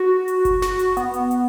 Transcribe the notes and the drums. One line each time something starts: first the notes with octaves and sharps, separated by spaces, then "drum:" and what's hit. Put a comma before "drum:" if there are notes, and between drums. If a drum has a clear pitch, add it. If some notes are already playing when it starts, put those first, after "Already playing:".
Already playing: F#4
drum: hi-hat
drum: kick F#1, hi-hat
F#4, drum: snare
drum: hi-hat
B3, drum: hi-hat
drum: hi-hat
drum: hi-hat